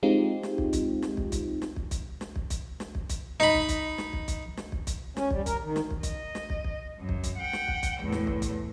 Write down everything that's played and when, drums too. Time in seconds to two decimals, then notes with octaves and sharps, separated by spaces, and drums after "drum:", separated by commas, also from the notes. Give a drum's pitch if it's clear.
0.03 G#3 C4 D#4 F4 G4
0.43 drum: snare
0.58 drum: kick
0.73 drum: kick, hi-hat
1.02 drum: snare
1.17 drum: kick
1.32 drum: kick, hi-hat
1.62 drum: snare
1.76 drum: kick
1.91 drum: kick, hi-hat
2.21 drum: snare
2.36 drum: kick
2.50 drum: kick, hi-hat
2.80 drum: snare
2.95 drum: kick
3.10 drum: kick, hi-hat
3.40 D#4 B5, drum: snare
3.54 drum: kick
3.69 drum: kick, hi-hat
3.98 drum: snare
4.13 drum: kick
4.28 drum: kick, hi-hat
4.57 drum: snare
4.72 drum: kick
4.87 drum: kick, hi-hat
5.17 C#4, drum: snare
5.31 G3, drum: kick
5.46 A#4, drum: kick, hi-hat
5.63 D#3
5.76 drum: snare
5.91 drum: kick
6.03 D#5, drum: kick, hi-hat
6.35 drum: snare
6.50 drum: kick
6.64 drum: kick
6.99 F#2
7.09 drum: kick
7.24 drum: kick, hi-hat
7.38 F#5 G5
7.53 drum: snare
7.68 drum: kick
7.83 drum: kick, hi-hat
8.01 E2 A2
8.12 drum: snare
8.27 drum: kick
8.42 drum: kick, hi-hat